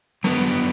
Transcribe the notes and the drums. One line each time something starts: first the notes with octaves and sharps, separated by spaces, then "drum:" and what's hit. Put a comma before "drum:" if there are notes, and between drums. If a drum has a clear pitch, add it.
F#2 D3 B3, drum: snare